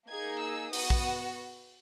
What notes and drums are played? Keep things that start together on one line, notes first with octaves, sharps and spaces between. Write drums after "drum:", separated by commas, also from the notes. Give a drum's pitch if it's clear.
A#3 D#4 G#4 G#6
E6
B3 F#4 D#6, drum: open hi-hat
drum: kick A#1